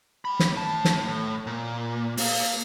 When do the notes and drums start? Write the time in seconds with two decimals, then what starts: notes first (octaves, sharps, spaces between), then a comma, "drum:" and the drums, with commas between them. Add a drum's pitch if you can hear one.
0.25 G5 B5
0.39 drum: snare
0.55 A2 A5
0.85 drum: snare
1.08 A2
1.47 A#2
2.17 A#3 F5, drum: open hi-hat